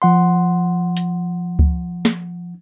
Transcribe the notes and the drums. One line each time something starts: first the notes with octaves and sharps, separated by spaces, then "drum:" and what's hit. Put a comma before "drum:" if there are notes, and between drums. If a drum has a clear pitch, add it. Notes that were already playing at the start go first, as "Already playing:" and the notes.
F3 F#5 C6
drum: hi-hat
drum: kick C#2
drum: snare